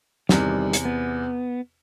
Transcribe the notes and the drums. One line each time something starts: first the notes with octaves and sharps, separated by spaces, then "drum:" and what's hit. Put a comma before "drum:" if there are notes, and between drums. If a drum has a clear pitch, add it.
E2 C3 D#3 G3, drum: snare
drum: hi-hat
B3